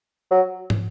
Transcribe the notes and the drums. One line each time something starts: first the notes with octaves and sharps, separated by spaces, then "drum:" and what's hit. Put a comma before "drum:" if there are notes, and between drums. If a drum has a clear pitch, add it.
F#3
drum: tom